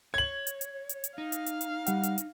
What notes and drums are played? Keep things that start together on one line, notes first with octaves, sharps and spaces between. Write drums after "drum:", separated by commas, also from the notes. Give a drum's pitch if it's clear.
C#5 G#6 F#7
drum: hi-hat
drum: hi-hat
drum: hi-hat
drum: hi-hat
D#4 F5
drum: hi-hat
drum: hi-hat
drum: hi-hat
G3 F#5, drum: hi-hat
drum: hi-hat
drum: hi-hat